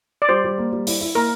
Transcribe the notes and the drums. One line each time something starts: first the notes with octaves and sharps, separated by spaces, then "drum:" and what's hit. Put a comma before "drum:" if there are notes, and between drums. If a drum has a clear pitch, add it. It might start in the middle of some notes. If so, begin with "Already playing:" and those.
D5
G3 C5
G3
A#3
G3
E4, drum: open hi-hat
E4
A#3 A#4